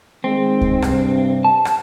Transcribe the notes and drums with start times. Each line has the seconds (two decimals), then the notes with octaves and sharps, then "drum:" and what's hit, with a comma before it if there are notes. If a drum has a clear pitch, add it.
0.24 D#3 G#3 C4
0.61 drum: kick C#2
0.82 G2 C3, drum: rim click
1.45 A5
1.65 drum: rim click